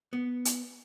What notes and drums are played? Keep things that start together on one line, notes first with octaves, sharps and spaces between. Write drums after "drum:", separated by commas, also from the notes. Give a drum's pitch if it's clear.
B3
drum: hi-hat